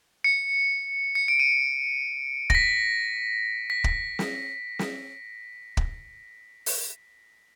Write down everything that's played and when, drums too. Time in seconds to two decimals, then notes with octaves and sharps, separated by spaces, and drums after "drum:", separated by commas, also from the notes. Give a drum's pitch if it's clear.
0.24 C#7
1.15 C#7
1.28 D7
1.40 D#7
2.50 A#6, drum: kick
2.55 B6
3.70 B6
3.84 drum: kick
4.19 drum: snare
4.79 drum: snare
5.77 drum: kick
6.66 drum: open hi-hat